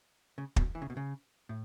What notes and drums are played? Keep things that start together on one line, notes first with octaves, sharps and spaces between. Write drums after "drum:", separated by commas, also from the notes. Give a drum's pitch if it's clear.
C#3
B2, drum: kick
E3
C#3
B2
C#3
A2